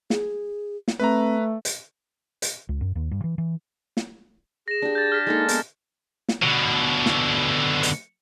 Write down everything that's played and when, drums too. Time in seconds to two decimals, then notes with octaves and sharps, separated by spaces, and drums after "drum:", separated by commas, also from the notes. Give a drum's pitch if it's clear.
0.10 G#4, drum: snare
0.88 drum: snare
1.00 A3 C4 B4 A#5
1.65 drum: hi-hat
2.42 drum: hi-hat
2.69 C#2
2.81 F#2
2.95 D#2
3.11 G2
3.24 E3
3.38 E3
3.97 drum: snare
4.68 G#4 A#6 E7
4.82 D4 G4
4.95 G6 A6
5.12 F6 B6
5.27 G#3 A#3 D#4 A4
5.49 B3, drum: hi-hat
6.29 drum: snare
6.43 B2 D3
7.06 drum: snare
7.83 drum: hi-hat